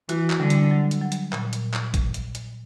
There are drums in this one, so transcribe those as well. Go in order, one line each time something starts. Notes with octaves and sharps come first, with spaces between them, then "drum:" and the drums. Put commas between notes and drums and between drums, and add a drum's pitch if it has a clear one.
E3 F#4, drum: hi-hat
drum: clap
D3 G3
drum: hi-hat
F#3
drum: hi-hat
F#3
drum: hi-hat
A#2, drum: clap
drum: hi-hat
drum: clap
drum: kick A1, hi-hat
drum: hi-hat
drum: hi-hat